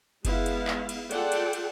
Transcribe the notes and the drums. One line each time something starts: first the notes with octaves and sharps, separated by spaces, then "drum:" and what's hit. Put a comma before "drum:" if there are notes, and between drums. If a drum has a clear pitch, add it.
G#3 B3 E4 F5, drum: kick F#1, cymbal
drum: cymbal
drum: clap
drum: cymbal
F4 G#4 A4 D5 F#5 G5, drum: cymbal
drum: cymbal
drum: cymbal